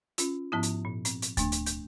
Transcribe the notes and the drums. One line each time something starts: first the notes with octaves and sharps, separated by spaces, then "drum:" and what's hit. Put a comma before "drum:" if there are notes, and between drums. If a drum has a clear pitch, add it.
C#4 F4, drum: hi-hat
G#2 F3 B3 E4
drum: hi-hat
A#2
C4, drum: hi-hat
drum: hi-hat
A3 D4, drum: kick D2, hi-hat
drum: hi-hat
G6, drum: hi-hat